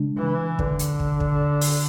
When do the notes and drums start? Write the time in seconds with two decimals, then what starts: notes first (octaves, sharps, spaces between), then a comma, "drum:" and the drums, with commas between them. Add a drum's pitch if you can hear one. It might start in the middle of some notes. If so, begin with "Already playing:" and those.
Already playing: C#3 G#3 D4
0.18 E3
0.59 D3, drum: kick
0.79 drum: hi-hat
1.00 drum: kick
1.20 drum: kick
1.61 drum: open hi-hat